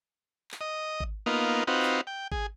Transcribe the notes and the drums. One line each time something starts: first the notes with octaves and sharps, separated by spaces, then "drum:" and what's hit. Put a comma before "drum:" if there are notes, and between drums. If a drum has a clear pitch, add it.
drum: clap
D#5
drum: kick G#1
A#3 B3 D#4 F4
C4 D#4 F4 F#4 B4
drum: clap
G5
G#4, drum: kick G#1